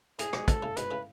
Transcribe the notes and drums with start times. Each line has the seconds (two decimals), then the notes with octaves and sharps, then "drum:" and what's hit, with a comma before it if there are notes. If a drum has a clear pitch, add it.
0.19 A2 G#4, drum: hi-hat
0.33 G#2 B2, drum: rim click
0.48 G#2 B2 A4, drum: kick, hi-hat
0.62 A2 C#3
0.77 G#2 B2 B4, drum: hi-hat
0.91 A2 C#3